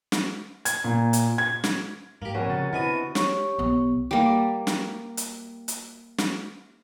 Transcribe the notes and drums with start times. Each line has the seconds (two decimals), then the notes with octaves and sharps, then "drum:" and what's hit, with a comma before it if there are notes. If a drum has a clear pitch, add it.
0.12 drum: snare
0.65 G#6, drum: hi-hat
0.84 A#2
1.13 drum: hi-hat
1.38 G#6
1.64 drum: snare
2.22 G#2 A#3 G4
2.35 A#1 C3 F#4 A#4 C#5 G#5
2.48 C#3 F#5 A6
2.73 B2 D3 E4 G#5 D#6
3.15 G4 C#5 C#6, drum: snare
3.58 B1 B3
4.11 G3 A#3
4.67 drum: snare
5.17 drum: hi-hat
5.68 drum: hi-hat
6.18 drum: snare